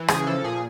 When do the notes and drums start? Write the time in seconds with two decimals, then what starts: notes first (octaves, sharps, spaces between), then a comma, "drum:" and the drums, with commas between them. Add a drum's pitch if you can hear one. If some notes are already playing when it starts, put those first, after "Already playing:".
Already playing: E3
0.08 C#3 G#4, drum: rim click
0.27 F3 A4
0.44 A#2 G#4